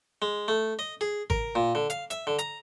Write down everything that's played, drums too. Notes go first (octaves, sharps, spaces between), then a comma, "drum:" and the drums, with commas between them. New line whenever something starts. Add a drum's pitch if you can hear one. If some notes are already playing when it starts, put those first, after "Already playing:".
G#3
A3
D#5
G#4
A#4, drum: kick G#1
A#2
D3
F5, drum: hi-hat
E5, drum: hi-hat
D3
A#5, drum: hi-hat